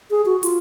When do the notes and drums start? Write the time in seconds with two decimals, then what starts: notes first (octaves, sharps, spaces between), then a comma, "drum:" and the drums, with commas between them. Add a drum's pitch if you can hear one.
0.11 G#4
0.26 F#4
0.43 F4, drum: hi-hat